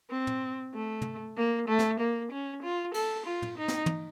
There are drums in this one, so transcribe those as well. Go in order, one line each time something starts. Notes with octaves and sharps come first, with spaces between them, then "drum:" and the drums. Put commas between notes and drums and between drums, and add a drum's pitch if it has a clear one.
C4
drum: tom
A3
drum: tom
A#3
A3
drum: snare
A#3
C#4
F4
A4, drum: cymbal
F4
drum: tom
D#4
drum: snare
drum: tom